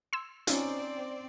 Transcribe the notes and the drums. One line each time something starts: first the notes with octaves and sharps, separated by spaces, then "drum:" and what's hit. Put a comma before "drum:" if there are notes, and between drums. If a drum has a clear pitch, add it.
C6 E6 G#6
C4 C#4 D#4 F4 D5, drum: hi-hat